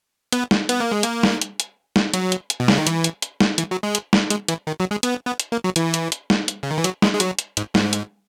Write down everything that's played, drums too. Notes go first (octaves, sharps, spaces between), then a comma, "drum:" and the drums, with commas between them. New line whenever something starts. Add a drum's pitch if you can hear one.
B3, drum: hi-hat
drum: snare
B3, drum: hi-hat
A#3
G#3
A#3, drum: hi-hat
drum: snare
drum: hi-hat
drum: hi-hat
drum: snare
F#3, drum: hi-hat
drum: hi-hat
drum: hi-hat
B2
C#3, drum: snare
D#3
E3, drum: hi-hat
drum: hi-hat
drum: hi-hat
drum: snare
E3, drum: hi-hat
F#3
G#3
drum: hi-hat
drum: snare
G#3, drum: hi-hat
E3, drum: hi-hat
D#3
F#3
G#3
B3, drum: hi-hat
B3
drum: hi-hat
A#3
F#3
E3, drum: hi-hat
drum: hi-hat
drum: hi-hat
drum: snare
drum: hi-hat
C#3
D#3
E3
F#3, drum: hi-hat
G#3, drum: snare
G#3
F#3, drum: hi-hat
drum: hi-hat
G#2, drum: hi-hat
G#2, drum: snare
drum: hi-hat